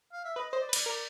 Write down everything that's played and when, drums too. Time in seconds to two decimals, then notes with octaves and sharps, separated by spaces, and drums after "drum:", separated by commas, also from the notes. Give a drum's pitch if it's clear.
0.13 F5
0.24 E5
0.36 B4 D#5
0.49 C5 D#5
0.61 D5
0.69 B4
0.73 D5, drum: cymbal
0.86 A#4 D5